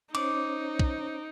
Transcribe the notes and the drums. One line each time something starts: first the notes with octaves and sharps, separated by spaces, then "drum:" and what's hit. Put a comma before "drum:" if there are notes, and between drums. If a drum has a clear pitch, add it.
C#4 D#4 C5 C#5 D6, drum: cymbal
drum: kick